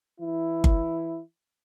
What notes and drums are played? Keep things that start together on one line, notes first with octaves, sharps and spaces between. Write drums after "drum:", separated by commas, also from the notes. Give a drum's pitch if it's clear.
E3 E4
drum: kick G1